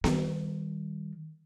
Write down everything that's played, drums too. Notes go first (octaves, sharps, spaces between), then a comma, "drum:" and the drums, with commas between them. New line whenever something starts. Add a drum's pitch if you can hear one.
D#3 G3, drum: snare B3